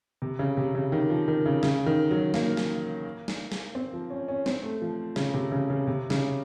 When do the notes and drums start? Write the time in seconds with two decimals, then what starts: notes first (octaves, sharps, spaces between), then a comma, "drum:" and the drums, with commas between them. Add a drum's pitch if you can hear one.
0.22 C3
0.39 C#3
0.57 C3
0.75 C#3
0.92 D#3
1.10 F3
1.28 D#3
1.46 C#3
1.63 C#3, drum: snare
1.86 D#3
2.11 F#3
2.34 A#3, drum: snare
2.57 drum: snare
3.28 drum: snare
3.52 drum: snare
3.75 C4
3.93 F3
4.10 C#4
4.28 C#4
4.46 C4, drum: snare
4.63 A3
4.82 F3
5.16 C#3, drum: snare
5.34 C3
5.52 C#3
5.70 C#3
5.87 C3
6.10 C#3, drum: snare